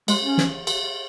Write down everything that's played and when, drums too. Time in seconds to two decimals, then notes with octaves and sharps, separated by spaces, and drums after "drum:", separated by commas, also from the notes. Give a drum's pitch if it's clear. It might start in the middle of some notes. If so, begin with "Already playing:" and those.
0.08 G#3, drum: cymbal
0.23 C#4
0.38 drum: snare
0.67 drum: cymbal